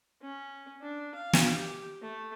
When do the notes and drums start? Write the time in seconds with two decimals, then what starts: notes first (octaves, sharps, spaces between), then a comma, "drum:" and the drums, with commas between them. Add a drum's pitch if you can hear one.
0.22 C#4
0.82 D4
1.14 F5
1.33 drum: snare
1.54 G4
2.02 A3